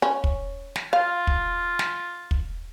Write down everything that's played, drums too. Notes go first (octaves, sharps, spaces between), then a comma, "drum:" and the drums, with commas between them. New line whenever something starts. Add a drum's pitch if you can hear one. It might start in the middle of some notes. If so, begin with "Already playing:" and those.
C#4
drum: kick
drum: snare
F4 F5
drum: kick
drum: snare
drum: kick